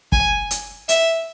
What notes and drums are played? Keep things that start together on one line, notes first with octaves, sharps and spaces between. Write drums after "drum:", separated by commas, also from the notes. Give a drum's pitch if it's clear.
G#5, drum: kick
drum: hi-hat
E5, drum: hi-hat